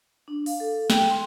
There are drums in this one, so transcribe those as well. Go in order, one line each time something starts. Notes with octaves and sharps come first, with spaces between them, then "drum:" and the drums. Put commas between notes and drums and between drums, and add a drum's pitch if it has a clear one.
D4
F5, drum: open hi-hat
A4
G5, drum: snare
C6